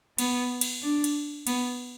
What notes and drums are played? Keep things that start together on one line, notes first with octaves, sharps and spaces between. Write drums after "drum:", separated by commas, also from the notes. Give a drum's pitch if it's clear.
B3, drum: cymbal
drum: cymbal
D4
drum: cymbal
B3, drum: cymbal